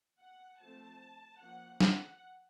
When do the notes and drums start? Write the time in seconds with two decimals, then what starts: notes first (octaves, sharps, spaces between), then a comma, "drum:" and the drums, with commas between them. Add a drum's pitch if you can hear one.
0.19 F#5
0.59 F3 A3 C4 A5
1.40 F3 A#3 C#4 F#5
1.80 F#5, drum: snare